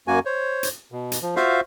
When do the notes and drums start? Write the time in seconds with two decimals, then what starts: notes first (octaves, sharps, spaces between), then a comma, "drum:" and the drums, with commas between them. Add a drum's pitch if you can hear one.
0.08 F#2 A#3 F#4 G#5
0.25 C5 C#5
0.63 drum: hi-hat
0.92 B2
1.12 drum: hi-hat
1.22 F3
1.36 F4 F#4 C5 E5 F5, drum: snare